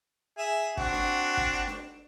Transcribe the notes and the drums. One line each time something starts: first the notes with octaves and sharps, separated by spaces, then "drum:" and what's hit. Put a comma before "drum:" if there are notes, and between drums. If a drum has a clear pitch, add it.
G#4 E5
C4 D4 F#4, drum: kick
drum: snare D4
drum: kick
drum: snare D4